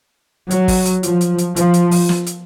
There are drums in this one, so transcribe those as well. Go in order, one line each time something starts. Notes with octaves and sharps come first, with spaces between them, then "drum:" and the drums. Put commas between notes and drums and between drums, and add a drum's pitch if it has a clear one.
F#3, drum: hi-hat
drum: kick, open hi-hat
drum: hi-hat
F3, drum: hi-hat
drum: hi-hat
drum: hi-hat
F3, drum: hi-hat
drum: hi-hat
drum: open hi-hat
drum: snare
drum: hi-hat